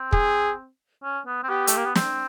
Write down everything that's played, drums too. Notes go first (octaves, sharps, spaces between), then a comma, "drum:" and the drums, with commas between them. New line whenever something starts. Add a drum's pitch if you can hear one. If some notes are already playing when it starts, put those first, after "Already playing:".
Already playing: C4
G#4, drum: kick
C#4
B3
C4
B3 G4
A3, drum: hi-hat
A#3
B3
C4, drum: snare